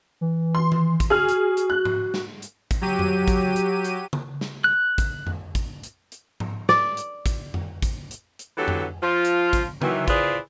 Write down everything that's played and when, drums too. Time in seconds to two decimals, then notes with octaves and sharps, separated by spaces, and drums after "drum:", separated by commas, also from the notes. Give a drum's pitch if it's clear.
0.21 E3
0.55 C6
0.72 drum: tom D#3
1.00 drum: kick A1, hi-hat
1.10 F#4 G#4 F6
1.29 drum: hi-hat
1.57 drum: hi-hat
1.70 F#6
1.85 drum: tom G#2
2.14 drum: snare
2.42 drum: hi-hat
2.71 drum: kick A1, hi-hat
2.81 F#3 G4 D#7
2.99 drum: tom F2
3.28 drum: kick A1, hi-hat
3.56 drum: hi-hat
3.84 drum: hi-hat
4.13 drum: tom C#3
4.41 drum: snare
4.64 F#6
4.98 drum: kick A1, hi-hat
5.27 drum: tom F2
5.55 drum: kick A1, hi-hat
5.83 drum: hi-hat
6.12 drum: hi-hat
6.40 drum: tom G#2
6.69 D5, drum: snare
6.97 drum: hi-hat
7.26 drum: kick A1, hi-hat
7.54 drum: tom F2
7.82 drum: kick A1, hi-hat
8.11 drum: hi-hat
8.39 drum: hi-hat
8.58 D3 E3 F#3 B3 G4 A4
8.68 drum: tom F2
9.02 F3 F4
9.25 drum: hi-hat
9.53 drum: kick A1, hi-hat
9.82 D#3 E3 F#3, drum: tom C#3
10.08 E4 F4 G#4 B4 C5 D5, drum: kick A1, hi-hat